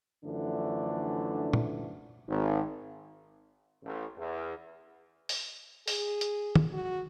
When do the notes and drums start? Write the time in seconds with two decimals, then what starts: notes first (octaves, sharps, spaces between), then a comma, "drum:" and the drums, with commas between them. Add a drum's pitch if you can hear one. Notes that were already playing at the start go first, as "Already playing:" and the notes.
0.25 F#2 D3 E3 F3 A3 D4
1.53 drum: tom
2.28 G#1
3.84 A1
4.17 E2
5.29 drum: open hi-hat
5.88 G#4, drum: open hi-hat
6.21 drum: hi-hat
6.55 drum: tom
6.73 F#4